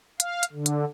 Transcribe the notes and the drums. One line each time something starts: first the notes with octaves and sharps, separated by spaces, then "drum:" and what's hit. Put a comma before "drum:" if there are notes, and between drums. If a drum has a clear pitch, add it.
F5, drum: hi-hat
drum: hi-hat
D3
drum: hi-hat